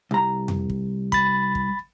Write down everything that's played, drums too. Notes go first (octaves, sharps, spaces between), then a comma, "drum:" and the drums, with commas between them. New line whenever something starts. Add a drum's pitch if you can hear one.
C2 A#5
drum: tom F2
drum: kick
B5 A6, drum: kick
drum: kick